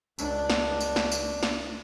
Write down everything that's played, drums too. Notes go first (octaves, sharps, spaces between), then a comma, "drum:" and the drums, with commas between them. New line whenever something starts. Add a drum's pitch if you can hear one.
C#2 D4, drum: tambourine
drum: snare
drum: tambourine
drum: snare
drum: tambourine
drum: snare